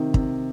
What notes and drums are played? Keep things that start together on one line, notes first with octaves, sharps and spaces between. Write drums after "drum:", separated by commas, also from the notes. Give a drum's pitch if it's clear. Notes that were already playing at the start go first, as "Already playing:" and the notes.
Already playing: C3 D#3
C3, drum: kick